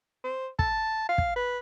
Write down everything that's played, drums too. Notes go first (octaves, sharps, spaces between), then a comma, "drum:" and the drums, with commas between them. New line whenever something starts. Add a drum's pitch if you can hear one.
C5
A5, drum: kick
F5
drum: kick
B4